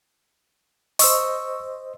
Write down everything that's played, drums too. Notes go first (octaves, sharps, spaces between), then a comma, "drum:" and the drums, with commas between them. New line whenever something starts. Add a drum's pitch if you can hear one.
C5 D#5 C#6 E6, drum: open hi-hat